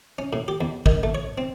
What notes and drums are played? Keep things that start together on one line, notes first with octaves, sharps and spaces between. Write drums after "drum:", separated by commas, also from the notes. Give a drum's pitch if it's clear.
C#4
A2
G4
E2
D#3, drum: kick G#1
A3
C#5
C4